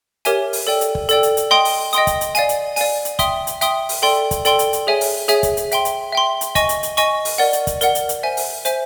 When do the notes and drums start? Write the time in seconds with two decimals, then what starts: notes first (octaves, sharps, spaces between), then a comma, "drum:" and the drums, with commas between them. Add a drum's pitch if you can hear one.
0.25 G4 A#4 C#5 E5 G#5, drum: hi-hat
0.53 drum: open hi-hat
0.67 A4 D5 G5
0.81 drum: hi-hat
0.95 drum: kick
1.09 A4 D5 G5, drum: hi-hat
1.23 drum: hi-hat
1.37 drum: hi-hat
1.51 D#5 G5 C6 D#6
1.65 drum: open hi-hat
1.93 D#5 G5 C6 D#6, drum: hi-hat
2.07 drum: kick, hi-hat
2.21 drum: hi-hat
2.35 D5 F5 G#5, drum: hi-hat
2.49 drum: hi-hat
2.76 D5 F5 G#5, drum: open hi-hat
3.05 drum: hi-hat
3.19 E5 G5 C6 D#6, drum: kick, hi-hat
3.47 drum: hi-hat
3.61 E5 G5 C6 D#6, drum: hi-hat
3.89 drum: open hi-hat
4.02 A4 D5 G5 C6
4.31 drum: kick, hi-hat
4.45 A4 D5 G5 C6, drum: hi-hat
4.59 drum: hi-hat
4.73 drum: hi-hat
4.87 G#4 C#5 E5 G#5
5.01 drum: open hi-hat
5.28 G#4 C#5 E5 G#5, drum: hi-hat
5.43 drum: kick, hi-hat
5.57 drum: hi-hat
5.72 E5 G5 C6, drum: hi-hat
5.85 drum: hi-hat
6.13 E5 G5 C6
6.41 drum: hi-hat
6.55 D#5 G#5 C#6, drum: kick, hi-hat
6.69 drum: hi-hat
6.83 drum: hi-hat
6.97 D#5 G#5 C#6, drum: hi-hat
7.25 drum: open hi-hat
7.38 A#4 D5 F#5
7.53 drum: hi-hat
7.67 drum: kick, hi-hat
7.81 A#4 D5 F#5, drum: hi-hat
7.95 drum: hi-hat
8.09 drum: hi-hat
8.23 C5 E5 G#5
8.37 drum: open hi-hat
8.65 C5 E5 G#5, drum: hi-hat